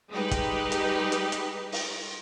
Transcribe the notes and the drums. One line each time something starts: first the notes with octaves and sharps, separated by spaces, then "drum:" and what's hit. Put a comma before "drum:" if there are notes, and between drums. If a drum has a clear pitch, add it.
G3 G#3 D#4 G4 B4
drum: kick, hi-hat
drum: hi-hat
drum: hi-hat
drum: hi-hat
drum: open hi-hat